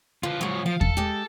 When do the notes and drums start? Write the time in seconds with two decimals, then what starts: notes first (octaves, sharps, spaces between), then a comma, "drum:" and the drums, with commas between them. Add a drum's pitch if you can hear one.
0.23 F3 F4 B4
0.41 F3 F#3 G#3 C#5
0.66 F3 F5
0.81 A4, drum: kick E2
0.97 G#3 G4